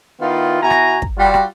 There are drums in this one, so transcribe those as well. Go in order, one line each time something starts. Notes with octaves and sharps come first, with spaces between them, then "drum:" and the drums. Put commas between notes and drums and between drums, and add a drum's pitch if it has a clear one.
D#3 B3 E4 F4
B2 E4 F#4 G#5 A#5
drum: rim click
drum: kick
G3 F4 F#4
drum: rim click